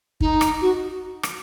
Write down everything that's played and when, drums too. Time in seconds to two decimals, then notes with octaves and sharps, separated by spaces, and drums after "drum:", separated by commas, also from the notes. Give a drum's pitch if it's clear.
0.20 D#4, drum: kick
0.41 drum: rim click
0.61 F#4
1.23 drum: rim click